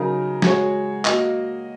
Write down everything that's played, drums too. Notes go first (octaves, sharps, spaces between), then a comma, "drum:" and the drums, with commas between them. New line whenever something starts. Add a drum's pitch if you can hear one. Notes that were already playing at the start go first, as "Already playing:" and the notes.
Already playing: C#3 F#3 D#4 A#4
G#3 F#4 C#5, drum: snare
A#3 F#4 D#5, drum: clap